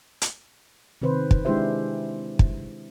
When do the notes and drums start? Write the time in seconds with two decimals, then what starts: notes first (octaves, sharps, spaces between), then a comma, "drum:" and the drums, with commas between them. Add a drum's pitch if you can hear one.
0.22 drum: hi-hat
1.02 C3 D#3 C4 B4 C5
1.31 drum: kick
1.45 G#3 D4 E4 G4 C5 E5
2.39 drum: kick